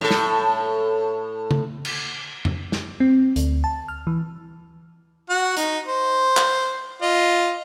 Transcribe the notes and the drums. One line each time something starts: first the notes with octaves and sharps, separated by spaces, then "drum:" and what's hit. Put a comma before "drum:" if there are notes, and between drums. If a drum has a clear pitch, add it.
A2 A4
drum: snare
drum: tom C#3
drum: cymbal
drum: tom F2
drum: snare
C4
D2, drum: hi-hat
A5
F6
E3
F#4 F#5
D#4, drum: hi-hat
C5
drum: clap
F4 D#5